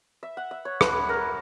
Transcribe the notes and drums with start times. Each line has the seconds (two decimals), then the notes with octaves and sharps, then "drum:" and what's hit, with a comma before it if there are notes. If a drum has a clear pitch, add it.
0.23 E5
0.37 F#5
0.51 E5
0.65 C#5
0.81 B4, drum: rim click
1.09 A#4